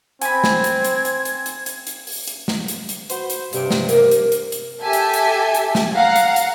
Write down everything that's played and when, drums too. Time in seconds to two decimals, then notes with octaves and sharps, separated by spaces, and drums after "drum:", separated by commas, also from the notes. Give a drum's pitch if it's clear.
0.22 C4 G#5 B5 G#6, drum: hi-hat
0.44 drum: snare
0.64 drum: hi-hat
0.84 drum: hi-hat
1.05 drum: hi-hat
1.25 drum: hi-hat
1.46 drum: hi-hat
1.66 drum: hi-hat
1.87 drum: hi-hat
2.07 drum: open hi-hat
2.28 drum: hi-hat
2.48 drum: snare
2.68 drum: hi-hat
2.89 drum: hi-hat
3.10 F#4 B4 C5, drum: hi-hat
3.30 drum: hi-hat
3.53 G2 C3, drum: hi-hat
3.71 drum: snare
3.89 A#4, drum: hi-hat
4.11 drum: hi-hat
4.32 drum: hi-hat
4.52 drum: hi-hat
4.82 G4 A4 E5 G#5 A5
4.93 drum: hi-hat
5.14 drum: hi-hat
5.54 drum: hi-hat
5.75 drum: snare
5.95 F5 F#5 A#5
6.16 drum: hi-hat
6.36 drum: hi-hat